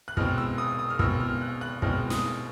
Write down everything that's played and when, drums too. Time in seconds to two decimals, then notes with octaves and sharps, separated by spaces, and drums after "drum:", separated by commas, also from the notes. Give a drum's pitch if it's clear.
0.08 F#6
0.17 B2 G#3 C4 F6, drum: kick
0.38 E6
0.58 D#6
0.79 D#6
0.90 F6
0.99 B2 G#3 C4 E6, drum: kick
1.20 F6
1.41 F#6
1.61 F#6
1.82 B2 G#3 C4 F6, drum: kick
2.10 D#6, drum: snare